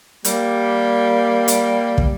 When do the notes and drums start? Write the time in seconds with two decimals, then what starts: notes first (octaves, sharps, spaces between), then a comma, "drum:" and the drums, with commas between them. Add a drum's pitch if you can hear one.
0.25 G3 A#3, drum: hi-hat
1.48 drum: hi-hat
1.98 drum: kick